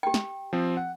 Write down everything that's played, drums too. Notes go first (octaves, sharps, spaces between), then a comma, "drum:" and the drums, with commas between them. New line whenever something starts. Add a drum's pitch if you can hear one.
G4 G5
drum: snare
F3 C4
F#5